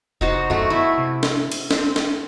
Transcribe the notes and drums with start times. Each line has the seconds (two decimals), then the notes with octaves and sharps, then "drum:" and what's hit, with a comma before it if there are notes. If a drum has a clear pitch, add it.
0.21 F1 D#4 F#4 C5
0.50 F#2 A3 F#4
0.70 B3 E4
0.98 C3
1.23 drum: snare
1.52 drum: cymbal
1.71 C4, drum: snare
1.96 drum: snare